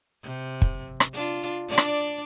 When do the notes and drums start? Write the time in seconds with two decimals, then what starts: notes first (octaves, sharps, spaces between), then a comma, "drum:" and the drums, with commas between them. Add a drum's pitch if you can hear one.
0.23 C3
0.62 drum: kick
1.00 drum: rim click
1.13 D4 F4
1.68 D4 D5
1.78 drum: rim click